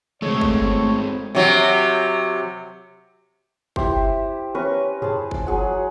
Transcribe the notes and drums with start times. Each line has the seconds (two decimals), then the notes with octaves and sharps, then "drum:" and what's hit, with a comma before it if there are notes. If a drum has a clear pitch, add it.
0.22 G#3 A3 C4 C#5, drum: tom
0.41 drum: kick G1
1.35 C3 F#3
3.76 E4 G4 C5, drum: kick G1
4.55 C#4 B4 A#5 C#6
5.02 G#4 C5 A5, drum: tom F2
5.31 drum: kick G1
5.47 F#3 G#4 F#5